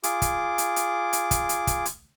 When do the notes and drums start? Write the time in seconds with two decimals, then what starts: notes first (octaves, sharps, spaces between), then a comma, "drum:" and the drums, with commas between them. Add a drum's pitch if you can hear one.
0.03 F4 G#4 D6, drum: hi-hat
0.22 drum: kick, hi-hat
0.58 drum: hi-hat
0.76 drum: hi-hat
1.13 drum: hi-hat
1.31 drum: kick, hi-hat
1.49 drum: hi-hat
1.67 drum: kick, hi-hat
1.85 drum: hi-hat